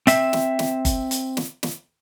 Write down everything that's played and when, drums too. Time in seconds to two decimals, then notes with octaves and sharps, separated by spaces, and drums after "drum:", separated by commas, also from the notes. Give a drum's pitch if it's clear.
0.07 C4 E5, drum: hi-hat
0.33 drum: snare
0.59 drum: snare
0.85 drum: kick G1, hi-hat
1.11 drum: hi-hat
1.37 drum: snare
1.63 drum: snare